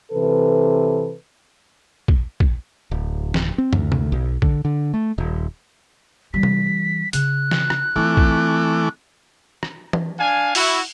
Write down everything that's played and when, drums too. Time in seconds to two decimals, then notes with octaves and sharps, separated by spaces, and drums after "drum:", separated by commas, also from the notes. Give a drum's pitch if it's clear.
0.12 C3 E3 A4 B4
2.08 drum: kick A#1
2.40 drum: kick A#1
2.91 D1
3.34 drum: snare
3.58 C4
3.73 D2, drum: tom
3.92 drum: tom C3
4.12 B1
4.42 D3, drum: kick A#1
4.65 D3
4.94 A3
5.18 D#1
6.34 E3 G3 B6
6.43 drum: tom C3
7.13 C#3 F#6, drum: hi-hat
7.51 drum: snare
7.70 drum: rim click
7.96 E3 A3 C4 F4 D6
8.17 drum: kick A#1
9.63 drum: rim click
9.93 drum: tom E3
10.18 D4 F5 G#5
10.55 E4 F#4, drum: open hi-hat